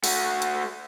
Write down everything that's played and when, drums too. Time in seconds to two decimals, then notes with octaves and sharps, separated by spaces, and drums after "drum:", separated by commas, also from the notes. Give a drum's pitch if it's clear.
0.04 A3 F#4, drum: open hi-hat
0.42 drum: hi-hat